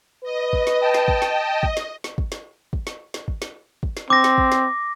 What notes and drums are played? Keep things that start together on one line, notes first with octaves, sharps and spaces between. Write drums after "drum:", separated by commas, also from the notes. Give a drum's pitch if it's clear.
B4 D#5
drum: kick
drum: snare
G5 A5
drum: snare
drum: kick
drum: snare
drum: kick
drum: snare
drum: snare
drum: kick
drum: snare
drum: kick
drum: snare
drum: snare
drum: kick
drum: snare
drum: kick
drum: snare
C4 D6 A#6
drum: snare
drum: kick
drum: snare